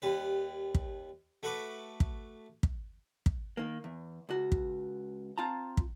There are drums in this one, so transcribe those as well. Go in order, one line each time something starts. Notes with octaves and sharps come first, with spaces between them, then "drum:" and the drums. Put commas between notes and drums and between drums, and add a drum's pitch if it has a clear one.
D#2 G3 B4
drum: kick
A3 F#4 B4 B5 D6
drum: kick
drum: kick
drum: kick
D#3 A#3
E2
C#2 F#4
drum: kick
C4 F4 A5 A#5
drum: kick